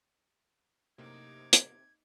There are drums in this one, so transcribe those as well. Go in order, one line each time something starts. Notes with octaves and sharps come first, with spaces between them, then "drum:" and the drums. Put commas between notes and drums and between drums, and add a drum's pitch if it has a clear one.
F#2 A2 C3 A#3 D#4 D6 G#6
drum: hi-hat